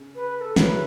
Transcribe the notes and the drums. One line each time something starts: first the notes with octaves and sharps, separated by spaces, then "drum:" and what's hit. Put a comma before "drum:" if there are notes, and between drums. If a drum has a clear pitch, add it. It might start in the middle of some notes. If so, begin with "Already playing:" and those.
Already playing: C#3 C#4
B4
B4
A4
C#3 F#3 C#4 E4 B4, drum: snare